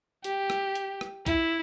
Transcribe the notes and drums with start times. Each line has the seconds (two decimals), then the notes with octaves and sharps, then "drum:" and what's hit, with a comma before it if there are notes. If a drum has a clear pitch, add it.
0.24 G4, drum: hi-hat
0.50 drum: rim click
0.75 drum: hi-hat
1.01 drum: rim click
1.26 E4, drum: kick B1, hi-hat